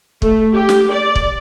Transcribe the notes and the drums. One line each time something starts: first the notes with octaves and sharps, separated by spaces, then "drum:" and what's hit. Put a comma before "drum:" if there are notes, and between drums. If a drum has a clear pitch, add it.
A3, drum: kick
G4
drum: snare
D5
drum: kick